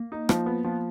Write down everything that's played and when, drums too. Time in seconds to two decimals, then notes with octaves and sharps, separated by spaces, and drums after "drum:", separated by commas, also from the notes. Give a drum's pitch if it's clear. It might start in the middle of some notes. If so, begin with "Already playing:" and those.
Already playing: A#3
0.12 D#4
0.29 F3, drum: rim click
0.46 B3
0.64 F3